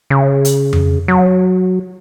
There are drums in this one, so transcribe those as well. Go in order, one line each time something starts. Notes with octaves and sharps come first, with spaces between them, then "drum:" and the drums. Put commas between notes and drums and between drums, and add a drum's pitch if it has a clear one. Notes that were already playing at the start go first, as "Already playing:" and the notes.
C#3
drum: hi-hat
drum: tom F2
F#3